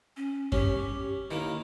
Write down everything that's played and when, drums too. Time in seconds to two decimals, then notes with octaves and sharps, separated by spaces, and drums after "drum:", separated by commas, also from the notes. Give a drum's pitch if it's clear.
0.17 C#4
0.52 C#4 G4, drum: kick F#2
1.31 D#3 A#3 E4